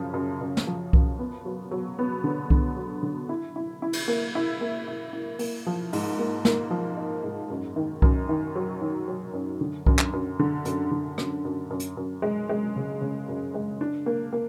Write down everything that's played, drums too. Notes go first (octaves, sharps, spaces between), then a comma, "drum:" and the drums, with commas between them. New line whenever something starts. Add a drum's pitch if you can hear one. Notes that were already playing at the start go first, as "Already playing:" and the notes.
Already playing: F#2 C#3 F3
F#2
F#2
drum: snare
F3
F#2, drum: kick C2
B3
F#3
F#3
B3
D3
D3, drum: kick C2
F#3
D3
E4
E4
E4
drum: cymbal
A#3
E4
A#3
E4
E4
A#3, drum: open hi-hat
F3
G#2, drum: open hi-hat
A#3
A#3, drum: snare
F3
D#4
G#2
F#2
D#3
F#2, drum: kick C2
D#3
F#3
D#3
F#3
F#2
D3
F#2, drum: kick C2
drum: clap
F#2
D3
F#2, drum: hi-hat
D3
F#2, drum: rim click
F#2
F#2
drum: hi-hat
F#2
G#3
G#3
C#3
C#3
F#2
G#3
D4
A#3
A#3